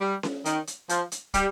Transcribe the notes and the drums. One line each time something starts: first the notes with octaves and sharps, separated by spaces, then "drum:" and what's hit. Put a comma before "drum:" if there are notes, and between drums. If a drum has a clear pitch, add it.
G3
drum: snare C#4
D#3, drum: hi-hat
drum: hi-hat
F3, drum: hi-hat
drum: hi-hat
G3, drum: kick, hi-hat